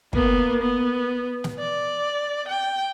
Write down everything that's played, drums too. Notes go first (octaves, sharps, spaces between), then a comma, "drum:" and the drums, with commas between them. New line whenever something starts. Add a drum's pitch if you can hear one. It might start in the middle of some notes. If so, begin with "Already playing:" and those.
A#3 B3, drum: kick
B3
drum: snare
D5
G5